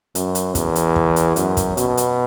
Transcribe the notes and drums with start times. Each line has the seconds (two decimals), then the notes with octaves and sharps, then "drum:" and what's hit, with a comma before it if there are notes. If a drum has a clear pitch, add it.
0.15 F#2, drum: hi-hat
0.35 drum: hi-hat
0.55 E2, drum: kick, hi-hat
0.76 drum: hi-hat
0.96 drum: kick
1.16 drum: hi-hat
1.36 F#2, drum: hi-hat
1.57 drum: kick, hi-hat
1.77 B2, drum: hi-hat
1.97 drum: hi-hat